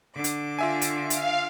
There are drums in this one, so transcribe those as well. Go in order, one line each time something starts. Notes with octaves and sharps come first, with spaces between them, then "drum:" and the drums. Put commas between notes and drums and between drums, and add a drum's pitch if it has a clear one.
D3 D6
drum: hi-hat
F4 E5 G#5
drum: hi-hat
F5, drum: hi-hat